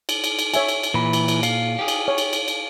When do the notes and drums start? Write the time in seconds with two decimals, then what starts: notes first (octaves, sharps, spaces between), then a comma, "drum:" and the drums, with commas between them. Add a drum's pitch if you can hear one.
0.09 drum: cymbal
0.24 drum: cymbal
0.39 drum: cymbal
0.54 C#5 E5 G#5, drum: cymbal
0.68 drum: cymbal
0.83 drum: cymbal
0.94 A#2 E3 B5
1.13 drum: cymbal
1.28 drum: cymbal
1.43 F5, drum: cymbal
1.79 G4 G#4
1.88 drum: cymbal
2.08 C#5
2.18 drum: cymbal
2.33 drum: cymbal
2.48 drum: cymbal